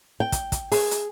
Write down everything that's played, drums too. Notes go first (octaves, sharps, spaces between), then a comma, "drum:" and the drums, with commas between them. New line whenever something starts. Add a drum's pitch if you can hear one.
G5
drum: kick, hi-hat
drum: kick, hi-hat
G#4, drum: open hi-hat
drum: hi-hat